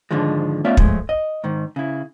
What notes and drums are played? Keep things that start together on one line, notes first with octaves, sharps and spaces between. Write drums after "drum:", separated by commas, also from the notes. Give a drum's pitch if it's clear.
G#2 D3 D#3 F3 G#3
A3 B3 C#4 F4 D5 E5
F3 G#3 A3, drum: kick
D#5
G#2 D#3
C#3 E4